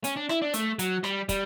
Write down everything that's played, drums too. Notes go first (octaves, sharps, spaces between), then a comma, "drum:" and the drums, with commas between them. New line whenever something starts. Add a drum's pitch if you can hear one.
C#4, drum: hi-hat
D4
E4, drum: rim click
D4
A3, drum: hi-hat
F#3, drum: hi-hat
G3, drum: rim click
G3, drum: kick, hi-hat